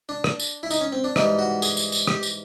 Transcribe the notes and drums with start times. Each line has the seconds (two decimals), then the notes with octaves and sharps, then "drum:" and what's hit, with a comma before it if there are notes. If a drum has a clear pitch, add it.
0.09 D4
0.24 drum: rim click
0.40 drum: tambourine
0.63 E4
0.71 D#4, drum: tambourine
0.81 C#4
0.92 C4
1.04 D4
1.16 G#2 E3 G3 D#4, drum: rim click
1.39 F#4
1.62 G#4, drum: tambourine
1.77 drum: tambourine
1.92 drum: tambourine
2.07 G4, drum: rim click
2.23 drum: tambourine